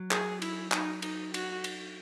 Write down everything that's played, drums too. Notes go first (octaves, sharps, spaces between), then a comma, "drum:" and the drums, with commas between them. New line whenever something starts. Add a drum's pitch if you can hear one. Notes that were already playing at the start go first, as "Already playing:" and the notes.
Already playing: F#3
G#4, drum: clap
E4, drum: cymbal
D#4, drum: clap
D#4, drum: cymbal
F#4, drum: cymbal
drum: cymbal